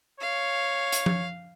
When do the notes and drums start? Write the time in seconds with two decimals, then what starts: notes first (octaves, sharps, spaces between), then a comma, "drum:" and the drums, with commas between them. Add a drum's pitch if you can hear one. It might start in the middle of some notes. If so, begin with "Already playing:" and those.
0.20 C#5 F5
0.92 drum: hi-hat
1.06 drum: tom F3